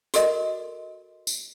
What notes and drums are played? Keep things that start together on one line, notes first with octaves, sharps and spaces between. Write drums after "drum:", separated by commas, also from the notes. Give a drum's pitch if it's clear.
F#4 A4 A#4 D#5, drum: hi-hat
drum: tambourine